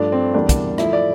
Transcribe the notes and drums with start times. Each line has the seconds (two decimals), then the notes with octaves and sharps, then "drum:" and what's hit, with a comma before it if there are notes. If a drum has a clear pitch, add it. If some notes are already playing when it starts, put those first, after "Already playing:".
Already playing: G2 F3 A3 D4
0.12 C4
0.34 E2 E3 G3 A#3 D4
0.49 drum: kick, hi-hat
0.78 A2 F3 A3 E4, drum: rim click
0.93 D5